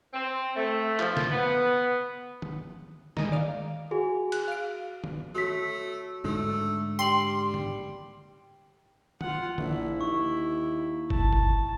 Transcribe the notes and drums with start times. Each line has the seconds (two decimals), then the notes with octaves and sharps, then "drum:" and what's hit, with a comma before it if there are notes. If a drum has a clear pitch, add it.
0.14 C4
0.56 A3
0.99 F3, drum: clap
1.17 drum: snare
1.30 B3
2.42 drum: tom D3
3.17 D#3 G#3, drum: snare
3.32 D5 F5
3.91 F#4 G#4
4.32 F#6, drum: cymbal
4.48 F5 D7
5.04 drum: tom D3
5.35 A3 F#4 C#5 B6
6.24 G#2 D3 A3
6.99 G3 G5 C6 C7 F#7
7.54 drum: tom D3
9.21 F4 F#5, drum: tom D3
9.58 A#1 E4, drum: tom D3
10.01 D#2 C#6
11.10 A5, drum: kick
11.33 drum: kick